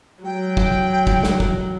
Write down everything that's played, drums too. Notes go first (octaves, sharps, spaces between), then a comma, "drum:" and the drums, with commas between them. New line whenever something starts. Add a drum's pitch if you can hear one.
F#3 G5
drum: kick
drum: kick
drum: snare
drum: kick